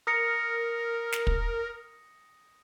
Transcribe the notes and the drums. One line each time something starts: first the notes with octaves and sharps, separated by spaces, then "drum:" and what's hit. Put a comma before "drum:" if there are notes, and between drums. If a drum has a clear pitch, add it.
A#4 D#6 A#6 C#7
drum: snare
drum: kick